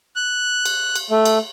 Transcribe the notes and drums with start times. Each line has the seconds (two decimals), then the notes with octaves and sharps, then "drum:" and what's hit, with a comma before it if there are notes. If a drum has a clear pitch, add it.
0.16 F#6
0.65 drum: cymbal
0.95 drum: cymbal
1.10 A3
1.25 drum: cymbal